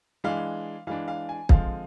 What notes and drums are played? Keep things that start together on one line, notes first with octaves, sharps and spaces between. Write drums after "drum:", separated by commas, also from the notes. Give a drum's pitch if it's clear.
E3 G#3 D4 F5
E3 G#3 D4 F5
F5
G#5
D3 F3 G#3 C4 F5, drum: kick